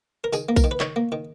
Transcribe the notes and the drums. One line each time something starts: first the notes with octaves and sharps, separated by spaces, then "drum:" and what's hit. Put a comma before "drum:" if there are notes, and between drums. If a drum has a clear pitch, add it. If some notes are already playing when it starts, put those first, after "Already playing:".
A#4
D#3 G#4, drum: tambourine
A#3
A#4, drum: kick B1, tambourine
D#3
B4
D#3 C#5, drum: clap
A#3
D#3